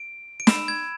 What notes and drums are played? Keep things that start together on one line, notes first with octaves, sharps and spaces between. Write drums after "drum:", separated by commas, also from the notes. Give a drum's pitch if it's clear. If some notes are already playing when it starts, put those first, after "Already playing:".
Already playing: D7
D7
B5 E6 E7, drum: snare
G#6